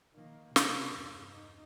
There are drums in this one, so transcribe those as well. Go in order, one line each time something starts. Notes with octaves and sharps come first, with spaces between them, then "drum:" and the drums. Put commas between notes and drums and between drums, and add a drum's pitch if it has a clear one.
D#3 A#3
C3, drum: snare
E2 G2
D#4